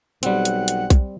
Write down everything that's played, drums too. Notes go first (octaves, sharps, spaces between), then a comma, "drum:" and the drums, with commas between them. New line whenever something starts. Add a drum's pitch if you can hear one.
B1 G3 C4 F#5, drum: hi-hat
drum: hi-hat
drum: hi-hat
drum: kick, hi-hat